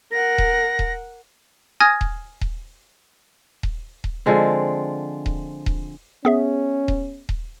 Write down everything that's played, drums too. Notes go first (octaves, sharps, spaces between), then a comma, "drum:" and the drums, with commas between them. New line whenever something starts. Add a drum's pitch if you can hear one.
A#4 F#5 A#6
drum: kick D#1
drum: kick D#1
G#5 D#6 F6 G#6 A#6
drum: kick D#1
drum: kick D#1
drum: kick D#1
drum: kick D#1
D3 F3 G#3 C4
drum: kick D#1
drum: kick D#1
B3 C#4 G#4 E5
drum: kick D#1
drum: kick D#1